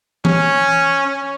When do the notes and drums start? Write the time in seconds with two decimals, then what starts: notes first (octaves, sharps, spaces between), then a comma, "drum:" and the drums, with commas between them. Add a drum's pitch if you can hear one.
0.25 C#4, drum: tom E3
1.07 C#4